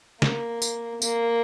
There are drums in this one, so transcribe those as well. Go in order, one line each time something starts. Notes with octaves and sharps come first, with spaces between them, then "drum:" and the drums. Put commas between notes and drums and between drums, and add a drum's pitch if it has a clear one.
A#3, drum: snare
drum: tambourine
A#3, drum: tambourine